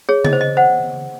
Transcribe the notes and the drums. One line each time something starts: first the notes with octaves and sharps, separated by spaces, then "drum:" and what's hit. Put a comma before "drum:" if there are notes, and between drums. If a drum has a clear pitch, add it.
G#4 C#5
D#5, drum: tom C#3
C5
D#5
C5 F#5